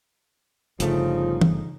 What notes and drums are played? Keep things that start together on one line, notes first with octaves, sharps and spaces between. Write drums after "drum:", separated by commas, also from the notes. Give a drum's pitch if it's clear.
G1 C#3 F3 A3 D#4, drum: hi-hat
drum: tom E3